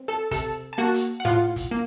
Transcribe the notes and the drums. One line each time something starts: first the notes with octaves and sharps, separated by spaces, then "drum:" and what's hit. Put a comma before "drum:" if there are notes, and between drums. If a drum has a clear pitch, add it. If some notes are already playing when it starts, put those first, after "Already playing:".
Already playing: C4
A4 A5
C3 A4 A5, drum: kick, hi-hat
A5
A#3 F#4 F#5
drum: hi-hat
F#5
A2 F4 F5
drum: kick, hi-hat
A#3